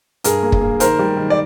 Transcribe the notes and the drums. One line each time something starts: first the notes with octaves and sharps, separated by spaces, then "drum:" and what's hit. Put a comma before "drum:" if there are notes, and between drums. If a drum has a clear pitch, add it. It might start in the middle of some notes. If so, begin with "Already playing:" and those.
G2 G#4 A#4, drum: hi-hat
A#3
drum: kick
A#3
D#3 A#4 C5, drum: hi-hat
G3
D#3
D5